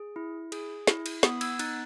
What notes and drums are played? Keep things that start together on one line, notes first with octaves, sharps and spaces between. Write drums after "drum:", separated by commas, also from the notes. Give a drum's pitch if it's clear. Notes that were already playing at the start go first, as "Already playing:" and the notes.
Already playing: G#4
E4
G#4, drum: cymbal
E4, drum: snare
drum: cymbal
B3 B5 D#6, drum: snare
E6 G#6, drum: cymbal
D#4 F#6 A6, drum: cymbal